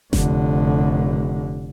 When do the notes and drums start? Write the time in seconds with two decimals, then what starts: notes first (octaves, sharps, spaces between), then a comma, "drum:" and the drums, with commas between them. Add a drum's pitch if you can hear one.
0.13 F1 D3, drum: snare G1